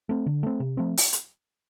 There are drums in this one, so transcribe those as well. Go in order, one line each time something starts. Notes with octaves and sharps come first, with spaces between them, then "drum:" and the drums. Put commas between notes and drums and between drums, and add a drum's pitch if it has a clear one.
A3 C4
D3
A3 C4
C3
F3 A3 C4
drum: open hi-hat
drum: hi-hat